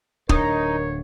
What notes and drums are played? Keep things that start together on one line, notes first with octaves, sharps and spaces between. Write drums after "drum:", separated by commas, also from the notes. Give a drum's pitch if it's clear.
D1 D4 D#4 A#4 C#5, drum: kick